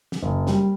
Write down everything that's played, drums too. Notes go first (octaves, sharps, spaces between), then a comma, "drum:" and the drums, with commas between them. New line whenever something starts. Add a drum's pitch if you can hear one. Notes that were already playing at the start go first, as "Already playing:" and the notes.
drum: snare
F#1
G3, drum: snare